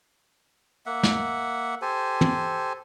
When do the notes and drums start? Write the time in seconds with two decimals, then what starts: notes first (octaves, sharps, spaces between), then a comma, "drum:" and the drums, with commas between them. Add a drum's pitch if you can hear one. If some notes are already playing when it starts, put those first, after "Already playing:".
0.86 A#3 E5 F#5
1.03 drum: snare
1.82 G4 A4 C5 G#5
2.21 drum: tom